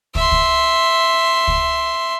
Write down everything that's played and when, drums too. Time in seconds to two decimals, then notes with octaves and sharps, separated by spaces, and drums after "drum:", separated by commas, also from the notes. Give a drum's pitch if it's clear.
0.15 E5 C6, drum: kick
0.32 drum: kick
1.48 drum: kick